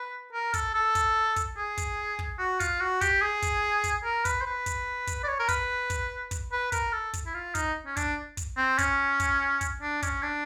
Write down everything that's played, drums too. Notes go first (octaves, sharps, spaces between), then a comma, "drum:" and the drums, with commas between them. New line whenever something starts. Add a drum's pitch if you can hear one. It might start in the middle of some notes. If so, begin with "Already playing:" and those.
Already playing: B4
A#4
A4, drum: kick, hi-hat
A4
drum: kick, hi-hat
drum: kick, hi-hat
G#4
drum: kick, hi-hat
drum: kick
F#4
F4, drum: kick, hi-hat
F#4
G4, drum: kick, hi-hat
G#4
drum: kick, hi-hat
drum: kick, hi-hat
A#4
B4, drum: kick, hi-hat
C5
B4
drum: kick, hi-hat
drum: kick, hi-hat
D5
C#5
A#4
B4, drum: kick, hi-hat
drum: kick, hi-hat
drum: kick, hi-hat
B4
A#4, drum: kick, hi-hat
A4
drum: kick, hi-hat
E4
F4
D#4, drum: kick, hi-hat
C#4
D4, drum: kick, hi-hat
drum: kick, hi-hat
C4
C#4, drum: kick, hi-hat
drum: kick, hi-hat
drum: kick, hi-hat
D4
C#4, drum: kick, hi-hat
D4